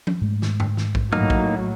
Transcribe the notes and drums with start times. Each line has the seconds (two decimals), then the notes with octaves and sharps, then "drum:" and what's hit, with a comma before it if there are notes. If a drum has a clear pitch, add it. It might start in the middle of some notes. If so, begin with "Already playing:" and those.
0.07 drum: tom F3
0.21 G#2 G#3 A3
0.42 drum: snare
0.60 drum: tom F#2
0.77 drum: snare
0.95 drum: kick A#1
1.12 A2 F#3 A#3 D#4 F6, drum: tom G2
1.30 drum: kick A#1